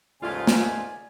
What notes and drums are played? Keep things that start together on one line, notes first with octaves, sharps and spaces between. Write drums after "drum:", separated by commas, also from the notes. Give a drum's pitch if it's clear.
D#2 G#2 C#3 F3 A3 F4 D5 G#5
drum: snare